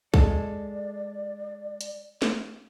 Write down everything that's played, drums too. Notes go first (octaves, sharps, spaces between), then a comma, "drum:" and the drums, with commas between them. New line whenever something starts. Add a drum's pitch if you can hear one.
G#3 A4 D5, drum: kick B1
drum: hi-hat
drum: snare